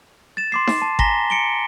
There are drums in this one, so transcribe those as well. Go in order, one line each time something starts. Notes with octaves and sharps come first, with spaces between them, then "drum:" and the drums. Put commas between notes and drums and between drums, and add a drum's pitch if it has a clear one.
A6 E7
C6 D6 C7
drum: snare D#4
A5
G#5 A#5 A#6 B6 G7, drum: kick G#1
C#7 D7 G7